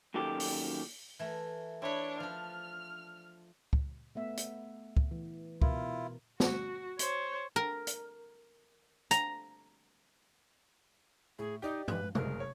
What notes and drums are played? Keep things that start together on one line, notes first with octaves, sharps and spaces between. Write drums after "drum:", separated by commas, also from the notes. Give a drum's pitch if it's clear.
F#2 A#2 D#3 G4 A4
drum: open hi-hat
E3 A3 A#4
D4 E4 C#5 B5
F3 D4 F6
drum: kick
A3 B3 E5
drum: hi-hat
drum: kick
E3
B2 E4 F4 A#4, drum: kick
F#4, drum: snare
C5 C#5, drum: hi-hat
A#4
drum: hi-hat
A#5, drum: hi-hat
A2 G#4
D#4 G4 D5 D#5
B4, drum: tom
F#1 G#4 A#4, drum: tom
C#5